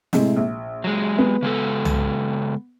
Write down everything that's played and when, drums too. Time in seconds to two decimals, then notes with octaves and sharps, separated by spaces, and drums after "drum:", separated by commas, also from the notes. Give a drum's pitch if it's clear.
0.13 A2 C3 G#3, drum: snare
0.36 A#1
0.84 F#3 G#3
1.18 B3
1.42 C#3 G#3 A4
1.85 drum: tom C2